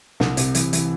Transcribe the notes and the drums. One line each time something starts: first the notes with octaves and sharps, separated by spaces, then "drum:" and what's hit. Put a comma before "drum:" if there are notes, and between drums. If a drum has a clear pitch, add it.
C2, drum: snare
C3, drum: hi-hat
E3, drum: hi-hat
E3, drum: hi-hat